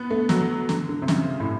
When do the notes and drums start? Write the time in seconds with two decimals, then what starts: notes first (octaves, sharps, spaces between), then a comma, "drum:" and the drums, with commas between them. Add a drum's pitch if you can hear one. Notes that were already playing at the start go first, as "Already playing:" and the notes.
Already playing: B3
0.11 A3
0.29 F#3, drum: snare
0.69 D3, drum: snare
0.89 D3
1.02 C3
1.08 C#3, drum: snare
1.40 A2